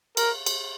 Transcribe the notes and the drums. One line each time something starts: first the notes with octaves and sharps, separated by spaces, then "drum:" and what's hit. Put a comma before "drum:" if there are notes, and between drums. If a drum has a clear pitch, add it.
A#4, drum: cymbal
drum: cymbal